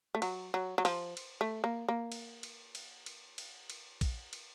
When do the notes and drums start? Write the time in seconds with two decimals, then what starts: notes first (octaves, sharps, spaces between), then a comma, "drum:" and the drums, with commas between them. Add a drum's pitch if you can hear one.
0.15 A3
0.22 F#3, drum: cymbal
0.54 F#3
0.78 F#3
0.85 F3, drum: cymbal
1.17 drum: cymbal
1.41 A3
1.64 A#3
1.88 A#3
2.12 drum: cymbal
2.43 drum: cymbal
2.75 drum: cymbal
3.06 drum: cymbal
3.38 drum: cymbal
3.70 drum: cymbal
4.01 drum: kick, cymbal
4.33 drum: cymbal